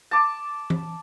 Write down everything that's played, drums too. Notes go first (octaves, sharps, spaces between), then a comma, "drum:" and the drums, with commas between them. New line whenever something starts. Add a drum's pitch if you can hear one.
A5 D6
drum: tom